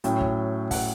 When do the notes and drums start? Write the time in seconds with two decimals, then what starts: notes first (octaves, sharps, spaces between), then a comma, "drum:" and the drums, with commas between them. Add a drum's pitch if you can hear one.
0.04 A2 F#3 C#4 G5, drum: hi-hat
0.21 drum: kick
0.71 F#5, drum: kick, open hi-hat